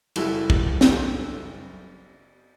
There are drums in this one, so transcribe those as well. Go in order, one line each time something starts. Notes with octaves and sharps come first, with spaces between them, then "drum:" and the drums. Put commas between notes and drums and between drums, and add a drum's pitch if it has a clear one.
F#1 G3 E4 F#4 A4, drum: cymbal
drum: kick
drum: snare